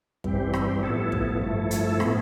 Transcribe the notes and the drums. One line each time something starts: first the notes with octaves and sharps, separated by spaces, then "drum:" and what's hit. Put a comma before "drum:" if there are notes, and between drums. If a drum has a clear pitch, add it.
G2 E3 G3 C4 G4, drum: kick
drum: rim click
A2 F3 B3 E4 A4
drum: kick
G2 F3 A3 E4 A4
drum: hi-hat
A2 F3 B3 E4, drum: rim click